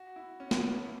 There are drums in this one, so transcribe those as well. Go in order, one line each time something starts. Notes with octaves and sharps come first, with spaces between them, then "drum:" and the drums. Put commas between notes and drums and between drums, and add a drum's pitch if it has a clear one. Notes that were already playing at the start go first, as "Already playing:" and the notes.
Already playing: F#4
E4
C#4
B3, drum: snare
A#3
A3